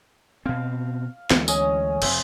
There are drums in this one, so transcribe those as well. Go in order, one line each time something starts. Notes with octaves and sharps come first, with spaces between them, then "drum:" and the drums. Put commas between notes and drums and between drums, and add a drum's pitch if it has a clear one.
B2 C4 F5
D2 E3 G#3, drum: snare
C#4 C#5 D#5, drum: tambourine
F1 C4 E5 G5, drum: cymbal